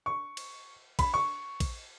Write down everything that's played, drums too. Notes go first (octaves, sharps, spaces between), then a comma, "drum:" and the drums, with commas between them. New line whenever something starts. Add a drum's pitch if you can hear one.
C#6
drum: cymbal
B5, drum: kick, cymbal
C#6
drum: kick, cymbal